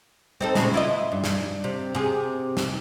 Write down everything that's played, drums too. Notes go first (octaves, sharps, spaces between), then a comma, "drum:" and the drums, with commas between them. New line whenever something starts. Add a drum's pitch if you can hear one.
C4 D#4 A4
A#2 C#3 G#3, drum: snare
E4 F4 D#5
G2
drum: snare
C3
C3 G#4
drum: snare